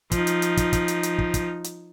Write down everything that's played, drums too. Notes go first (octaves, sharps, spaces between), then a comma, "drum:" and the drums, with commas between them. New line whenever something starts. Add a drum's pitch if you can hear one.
F3 D#4, drum: kick, hi-hat
drum: hi-hat
drum: hi-hat
drum: kick, hi-hat
drum: kick, hi-hat
drum: hi-hat
drum: hi-hat
drum: kick
drum: kick, hi-hat
drum: hi-hat